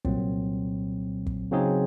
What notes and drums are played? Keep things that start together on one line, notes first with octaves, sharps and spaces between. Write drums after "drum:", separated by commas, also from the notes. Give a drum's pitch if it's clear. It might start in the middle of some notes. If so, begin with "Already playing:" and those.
C2 A#2 F#3 C4, drum: kick
drum: kick
C#3 F#3 C4 D#4 G#4